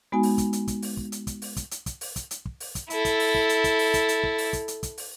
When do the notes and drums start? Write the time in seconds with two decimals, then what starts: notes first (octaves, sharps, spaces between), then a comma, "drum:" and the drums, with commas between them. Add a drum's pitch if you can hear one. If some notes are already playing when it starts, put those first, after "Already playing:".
0.12 G#3 B3 D#4 F#4 G#5
0.23 drum: open hi-hat
0.38 drum: kick, hi-hat
0.53 drum: hi-hat
0.68 drum: kick, hi-hat
0.82 drum: open hi-hat
0.97 drum: kick
1.12 drum: hi-hat
1.27 drum: kick, hi-hat
1.42 drum: open hi-hat
1.57 drum: kick, hi-hat
1.71 drum: hi-hat
1.86 drum: kick, hi-hat
2.01 drum: open hi-hat
2.16 drum: kick, hi-hat
2.31 drum: hi-hat
2.45 drum: kick
2.60 drum: open hi-hat
2.75 drum: kick, hi-hat
2.90 E4 A4, drum: hi-hat
3.05 drum: kick, hi-hat
3.20 drum: open hi-hat
3.34 drum: kick
3.49 drum: hi-hat
3.64 drum: kick, hi-hat
3.79 drum: open hi-hat
3.94 drum: kick, hi-hat
4.09 drum: hi-hat
4.23 drum: kick
4.38 drum: open hi-hat
4.53 drum: kick, hi-hat
4.68 drum: hi-hat
4.83 drum: kick, hi-hat
4.98 drum: open hi-hat